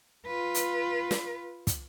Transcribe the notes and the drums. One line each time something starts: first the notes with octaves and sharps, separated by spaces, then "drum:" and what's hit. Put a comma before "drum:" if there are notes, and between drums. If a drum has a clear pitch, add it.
F4 B4
drum: hi-hat
drum: snare
drum: kick, hi-hat